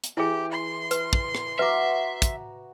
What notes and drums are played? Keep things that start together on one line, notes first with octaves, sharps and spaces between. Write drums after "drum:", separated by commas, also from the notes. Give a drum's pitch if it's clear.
drum: hi-hat
E3 E4 G4 G#4
C6
B4, drum: hi-hat
drum: kick
drum: rim click
F#4 B4 E5 A#5 D6
drum: kick, hi-hat